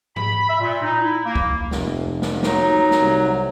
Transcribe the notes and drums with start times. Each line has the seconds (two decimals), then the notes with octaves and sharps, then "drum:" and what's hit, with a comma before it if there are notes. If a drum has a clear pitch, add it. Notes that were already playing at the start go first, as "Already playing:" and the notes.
0.16 B5, drum: tom G#2
0.49 E5
0.61 A#2
0.82 D#4
1.01 E4
1.25 A#3
1.35 drum: kick
1.71 F1, drum: snare
2.22 drum: snare
2.43 F#3 D#4, drum: snare
2.91 drum: snare
3.01 C2